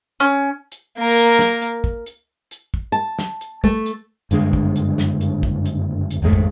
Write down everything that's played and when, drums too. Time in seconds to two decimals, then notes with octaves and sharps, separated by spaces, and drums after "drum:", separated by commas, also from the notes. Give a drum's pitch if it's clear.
0.20 C#4
0.72 drum: hi-hat
0.98 A#3 A#4
1.17 drum: hi-hat
1.39 drum: snare
1.61 drum: hi-hat
1.84 drum: kick
2.06 drum: hi-hat
2.51 drum: hi-hat
2.74 drum: kick
2.92 A5
3.19 drum: snare
3.41 drum: hi-hat
3.64 A3, drum: kick
3.86 drum: hi-hat
4.31 F#1 G2 D3 G#3, drum: hi-hat
4.53 drum: kick
4.76 drum: hi-hat
4.98 drum: snare
5.21 drum: hi-hat
5.43 drum: kick
5.66 drum: hi-hat
6.10 drum: hi-hat
6.22 G#1 F2 G#3 A3
6.33 drum: kick